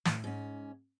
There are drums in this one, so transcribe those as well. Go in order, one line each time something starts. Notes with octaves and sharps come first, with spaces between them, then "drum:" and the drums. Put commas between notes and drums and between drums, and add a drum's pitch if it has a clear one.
A2, drum: snare
G#2 C#4